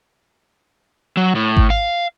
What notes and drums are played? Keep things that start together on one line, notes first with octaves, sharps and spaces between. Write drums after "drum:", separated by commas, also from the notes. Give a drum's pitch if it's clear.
F#3
A2
drum: kick G#1
F5